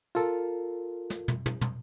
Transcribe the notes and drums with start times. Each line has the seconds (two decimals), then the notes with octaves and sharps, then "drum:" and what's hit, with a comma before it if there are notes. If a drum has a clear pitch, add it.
0.15 F4 A4 A#4, drum: tambourine
1.10 drum: snare
1.28 drum: tom
1.46 drum: tom
1.61 drum: tom